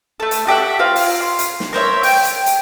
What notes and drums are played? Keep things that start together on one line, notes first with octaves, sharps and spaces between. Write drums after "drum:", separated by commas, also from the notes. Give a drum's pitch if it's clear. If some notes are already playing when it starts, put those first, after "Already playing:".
A3 A4
drum: hi-hat
F#4 G4 E5 F#5
F4 C5 F5 A#5
drum: open hi-hat
C6
drum: hi-hat
drum: snare
A#4 C5 C#5 E5
G5, drum: open hi-hat
drum: hi-hat
drum: hi-hat